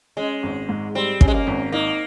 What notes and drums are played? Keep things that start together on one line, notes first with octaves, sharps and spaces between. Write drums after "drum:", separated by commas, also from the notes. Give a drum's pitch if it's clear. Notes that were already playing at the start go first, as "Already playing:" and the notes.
G#3 C#4
G#1
G#2
G3 C4
C#4, drum: kick
G#3
A#3
G#1
A#3 D#4